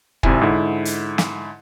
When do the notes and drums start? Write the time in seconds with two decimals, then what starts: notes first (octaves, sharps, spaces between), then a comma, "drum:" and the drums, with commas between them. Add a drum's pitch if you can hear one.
0.23 G#1 C3 E4 G#5, drum: kick
0.41 G#2 D3 E4
0.85 drum: hi-hat
1.18 drum: snare